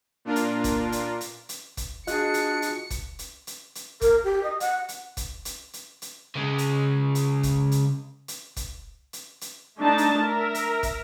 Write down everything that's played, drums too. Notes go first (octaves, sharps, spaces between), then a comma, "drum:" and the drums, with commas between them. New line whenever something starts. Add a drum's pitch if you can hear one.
A#2 D4 F4 A#4
drum: hi-hat
drum: kick, hi-hat
drum: hi-hat
drum: hi-hat
drum: hi-hat
drum: kick, hi-hat
D4 F4 F#4 G#4 D#5 F#6 C#7, drum: hi-hat
drum: hi-hat
drum: hi-hat
drum: kick, hi-hat
drum: hi-hat
drum: hi-hat
drum: hi-hat
A#4, drum: kick, hi-hat
G4
D#5
F#5, drum: hi-hat
drum: hi-hat
drum: kick, hi-hat
drum: hi-hat
drum: hi-hat
drum: hi-hat
C#3 G#3
drum: hi-hat
drum: hi-hat
drum: kick, hi-hat
drum: hi-hat
drum: hi-hat
drum: kick, hi-hat
drum: hi-hat
drum: hi-hat
A3 D4 D#4 A5
drum: hi-hat
A#4 E5
drum: hi-hat
drum: kick, hi-hat